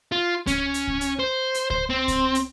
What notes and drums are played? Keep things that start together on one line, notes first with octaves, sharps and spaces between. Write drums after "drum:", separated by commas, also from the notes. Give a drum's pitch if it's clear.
F4
C#4, drum: kick C#2, hi-hat
drum: hi-hat
drum: kick C#2
drum: hi-hat
C5
drum: hi-hat
C5, drum: kick C#2
C4
drum: kick C#2, hi-hat
drum: hi-hat